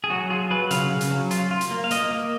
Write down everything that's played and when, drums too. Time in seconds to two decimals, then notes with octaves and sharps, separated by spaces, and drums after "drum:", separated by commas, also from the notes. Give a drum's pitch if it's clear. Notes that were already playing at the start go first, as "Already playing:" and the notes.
0.04 G#4
0.10 F#3 F#4
0.30 F4 G#4
0.51 F#3 B4
0.71 C#3 F5, drum: hi-hat
0.91 C#3
1.01 drum: hi-hat
1.11 F#3
1.31 F4, drum: hi-hat
1.51 F4
1.61 drum: hi-hat
1.71 A#3
1.84 F5
1.91 A#3 D#5, drum: hi-hat
2.11 A#3